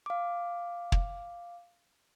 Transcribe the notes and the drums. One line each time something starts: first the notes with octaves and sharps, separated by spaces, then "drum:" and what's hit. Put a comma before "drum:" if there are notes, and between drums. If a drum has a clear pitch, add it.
F5 D6
drum: kick